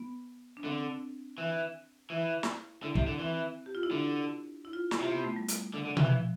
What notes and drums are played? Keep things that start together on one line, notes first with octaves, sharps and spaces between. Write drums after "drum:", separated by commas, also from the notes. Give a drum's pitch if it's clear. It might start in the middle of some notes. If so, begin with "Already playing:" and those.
Already playing: B3
D4
D3 C4
E3
E3 E4
drum: snare
D3 E4
C3, drum: kick
D3
E3 C4
G4
F4
E4
D3 D4
E4
F4
E4, drum: snare
C3 F4
B3
A3
G3
drum: hi-hat
D3
D3
E3, drum: tom B2
F3